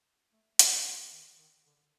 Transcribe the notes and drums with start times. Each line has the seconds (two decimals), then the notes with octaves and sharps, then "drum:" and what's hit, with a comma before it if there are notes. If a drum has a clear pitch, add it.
0.32 A3
0.59 G3, drum: hi-hat
0.86 F3
1.12 D#3
1.39 D#3
1.66 D3